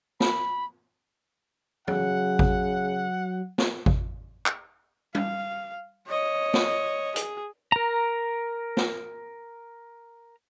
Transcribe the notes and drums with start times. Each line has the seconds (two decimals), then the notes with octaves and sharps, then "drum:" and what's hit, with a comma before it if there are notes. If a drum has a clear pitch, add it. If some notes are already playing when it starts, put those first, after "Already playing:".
0.20 B5, drum: snare
1.87 C#3 F#3 F#5, drum: tom F2
2.39 drum: kick G#1
3.58 drum: snare
3.86 drum: kick G#1
4.46 drum: clap
5.15 F5, drum: tom G3
6.07 C#5 D#5
6.54 drum: snare
7.16 G#4, drum: hi-hat
7.72 A#4 A#5
8.77 drum: snare